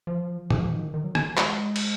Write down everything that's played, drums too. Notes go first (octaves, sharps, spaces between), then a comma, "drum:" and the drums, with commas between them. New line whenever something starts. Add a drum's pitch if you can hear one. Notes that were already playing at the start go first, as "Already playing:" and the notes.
F3
D#3, drum: tom
F3
D#3
D#3
F#3
D#3, drum: rim click
G#3, drum: clap
drum: cymbal